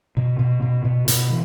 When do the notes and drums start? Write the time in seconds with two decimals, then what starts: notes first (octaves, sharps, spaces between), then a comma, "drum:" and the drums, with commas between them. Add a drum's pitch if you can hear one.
0.17 B2
0.39 B2
0.62 B2
0.85 B2
1.08 B2, drum: hi-hat
1.30 E3